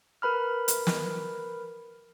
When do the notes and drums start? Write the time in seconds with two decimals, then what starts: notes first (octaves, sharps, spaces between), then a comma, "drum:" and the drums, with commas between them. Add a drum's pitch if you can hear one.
0.22 A#4 B4 B5 F6
0.68 drum: hi-hat
0.87 drum: snare